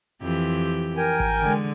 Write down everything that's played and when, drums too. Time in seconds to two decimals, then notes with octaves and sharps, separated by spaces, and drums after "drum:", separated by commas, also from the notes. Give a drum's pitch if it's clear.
0.22 F2 E3 G4
0.97 A#4 G5 G#5
1.20 drum: kick G#1
1.41 D3 G#3